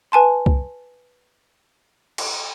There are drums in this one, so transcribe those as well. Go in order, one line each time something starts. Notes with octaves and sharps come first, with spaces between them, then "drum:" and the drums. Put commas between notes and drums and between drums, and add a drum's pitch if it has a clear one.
B4 G#5 A5 C6
drum: kick
drum: cymbal